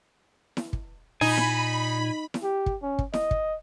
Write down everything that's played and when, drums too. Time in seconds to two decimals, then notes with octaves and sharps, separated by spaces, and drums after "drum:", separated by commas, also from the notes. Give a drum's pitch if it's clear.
0.57 drum: snare E4
0.73 drum: kick
1.21 A#2 D#4 G#5 B5
1.37 drum: snare E4
2.34 drum: snare E4
2.43 G4
2.66 drum: kick
2.82 C#4
2.99 drum: kick
3.13 D#5, drum: snare E4
3.31 drum: kick